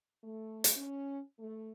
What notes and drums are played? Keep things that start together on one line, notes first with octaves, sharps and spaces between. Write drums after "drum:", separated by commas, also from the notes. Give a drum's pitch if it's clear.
A3
drum: hi-hat
C#4
A3